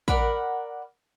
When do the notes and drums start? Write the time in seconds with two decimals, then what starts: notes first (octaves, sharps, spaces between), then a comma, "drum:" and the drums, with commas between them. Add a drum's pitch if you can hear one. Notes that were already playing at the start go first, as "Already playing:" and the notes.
0.08 A#4 D5 F#5 B5, drum: kick